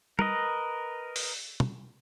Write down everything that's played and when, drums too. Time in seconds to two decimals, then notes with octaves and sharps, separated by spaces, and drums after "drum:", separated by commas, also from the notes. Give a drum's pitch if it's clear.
0.19 A#4 B4 D#5, drum: tom
1.16 drum: open hi-hat
1.60 drum: tom